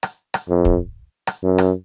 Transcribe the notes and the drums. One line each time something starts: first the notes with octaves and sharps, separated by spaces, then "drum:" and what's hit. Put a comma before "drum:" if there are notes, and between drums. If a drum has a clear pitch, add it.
drum: rim click
drum: rim click
F2
drum: kick
drum: rim click
F#2
drum: rim click